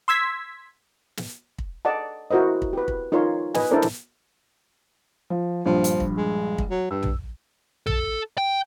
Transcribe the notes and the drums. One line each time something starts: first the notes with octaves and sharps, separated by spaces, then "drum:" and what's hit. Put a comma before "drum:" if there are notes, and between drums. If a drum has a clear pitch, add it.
C6 E6 G#6 B6
drum: snare
drum: kick
A4 D5 D#5 F#5 A5
E4 F#4 A#4 C5 D#5
drum: kick
G4 B4
drum: kick
D#4 F4 A#4 C#5 C6
B4 D#5 G#5, drum: snare
D4 E4 A4 A#4 C5 D5
drum: snare
F3
A#1 G2 F3
drum: hi-hat
drum: kick
G#3
drum: kick
F#3
G2 E6
drum: tom
A4, drum: tom
G5